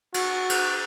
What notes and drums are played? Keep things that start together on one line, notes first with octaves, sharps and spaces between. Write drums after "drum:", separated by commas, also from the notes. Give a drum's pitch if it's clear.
F#4, drum: cymbal
drum: cymbal